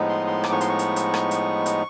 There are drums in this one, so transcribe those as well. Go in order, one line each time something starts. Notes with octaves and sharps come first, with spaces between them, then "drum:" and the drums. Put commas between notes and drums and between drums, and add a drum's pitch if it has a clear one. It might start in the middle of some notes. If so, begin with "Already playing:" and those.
Already playing: A2 F3 G#3 B3 D#4
C6
C6
D6, drum: rim click
C#6
C6, drum: hi-hat
C#6
drum: hi-hat
drum: hi-hat
drum: rim click
drum: hi-hat
drum: hi-hat